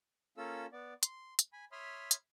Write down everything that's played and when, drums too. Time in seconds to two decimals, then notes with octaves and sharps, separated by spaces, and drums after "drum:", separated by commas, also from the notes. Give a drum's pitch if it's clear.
0.37 A#3 C#4 F4 A4 E6
0.72 B3 D5
1.03 C6, drum: hi-hat
1.39 drum: hi-hat
1.53 G#5 B5
1.72 C#5 E5 B5 C6 D#6 F6
2.11 drum: hi-hat